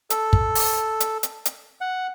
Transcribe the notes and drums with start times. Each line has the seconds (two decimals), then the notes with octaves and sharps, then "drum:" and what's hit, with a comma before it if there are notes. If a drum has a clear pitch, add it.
0.10 A4, drum: hi-hat
0.33 drum: kick
0.55 drum: open hi-hat
1.00 drum: hi-hat
1.23 drum: hi-hat
1.45 drum: hi-hat
1.81 F#5